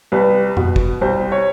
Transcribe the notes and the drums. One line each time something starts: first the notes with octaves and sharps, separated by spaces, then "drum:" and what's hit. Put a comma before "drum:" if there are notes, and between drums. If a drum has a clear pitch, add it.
C2 B4
B2, drum: tom F2
drum: kick
C2 C5
C#5